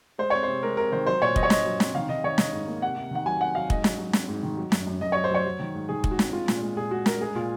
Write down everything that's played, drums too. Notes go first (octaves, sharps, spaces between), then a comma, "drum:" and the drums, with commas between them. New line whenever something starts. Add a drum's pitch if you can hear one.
G#3 C5
C4 C#5
C3 C5
G#3 A#4
C3 A#4
D#3 C5
F#3 C5
A#2 C#5
F#3 D#5, drum: kick
C#5
F#3 D#5, drum: snare
F#3
C4, drum: snare
D#3 F5
D#3 D#5
D#3 C#5
D#3 D#5, drum: snare
G#2
A#3
C3 F#5
C3
D#3 F#5
F#3 G#5
C4 F#5
F#3 F5
G#2 D#5, drum: kick
F#3, drum: snare
F#3
C4, drum: snare
G#2
D#3
F#3
F#2, drum: snare
F#2
F#2 D#5
F#3 C#5
C5
F#3 C#5
F#3
D#3
G#2
D#3 G#4
G#2, drum: kick
F#4
C4, drum: snare
G#3 F4
A#2, drum: snare
G#3
A#2 G#4
G#3 F#4
G#3 A#4, drum: snare
G#3 G#4
A#2 F4